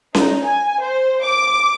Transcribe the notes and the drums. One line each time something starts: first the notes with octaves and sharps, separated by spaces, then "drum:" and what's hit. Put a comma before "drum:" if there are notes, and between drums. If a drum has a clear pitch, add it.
D#4, drum: snare C#4
G#5
C5
D6